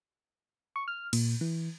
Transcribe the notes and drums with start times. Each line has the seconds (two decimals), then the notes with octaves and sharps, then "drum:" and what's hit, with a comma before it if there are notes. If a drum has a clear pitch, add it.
0.76 C#6
0.88 F6
1.13 A#2, drum: cymbal
1.41 E3